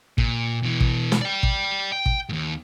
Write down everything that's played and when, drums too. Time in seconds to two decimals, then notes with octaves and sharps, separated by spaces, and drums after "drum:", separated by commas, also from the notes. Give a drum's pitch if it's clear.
0.18 A#2, drum: kick
0.63 B2 E3
0.80 drum: kick
1.12 drum: snare
1.21 D5 G5
1.43 drum: kick
1.92 G5
2.06 drum: kick
2.29 D#2 G#2